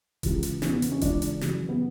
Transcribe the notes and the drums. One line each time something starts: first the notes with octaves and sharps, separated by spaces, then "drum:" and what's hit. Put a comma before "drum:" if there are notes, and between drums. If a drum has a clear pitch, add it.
C#2 C#3 E3, drum: kick D#1, hi-hat
drum: hi-hat
E2 C#3 E3 C#4, drum: snare
B3
drum: hi-hat
C#4
C#2 C#3 E3 D4, drum: kick D#1, hi-hat
drum: hi-hat
F#2 C#3 E3, drum: snare
B3